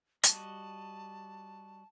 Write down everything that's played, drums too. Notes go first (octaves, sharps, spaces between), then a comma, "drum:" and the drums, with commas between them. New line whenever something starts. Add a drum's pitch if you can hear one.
G3 F#4 D#5 A5, drum: hi-hat